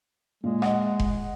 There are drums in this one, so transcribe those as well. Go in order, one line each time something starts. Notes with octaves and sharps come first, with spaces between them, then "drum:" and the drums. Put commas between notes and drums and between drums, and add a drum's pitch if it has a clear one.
A#2 G#3
D#5 F#5, drum: rim click
drum: kick F1